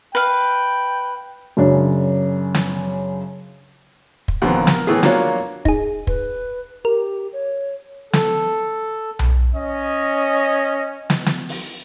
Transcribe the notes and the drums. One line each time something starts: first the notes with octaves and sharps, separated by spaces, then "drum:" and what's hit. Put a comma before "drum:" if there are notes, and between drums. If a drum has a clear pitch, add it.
B4 F5 G5
F#2 C#3 D4
drum: snare
drum: kick
D#2 A#2 D3 F3 B3 C4
A#4, drum: snare
A2 E3 A3 B3 G#4, drum: hi-hat
F#3 A#3 D4 F4 C#5, drum: snare
D#4 G#4, drum: kick
B4, drum: kick
G4 A#4
C#5
A4, drum: snare
drum: tom B1
C#4 D#5
drum: snare
drum: snare
drum: open hi-hat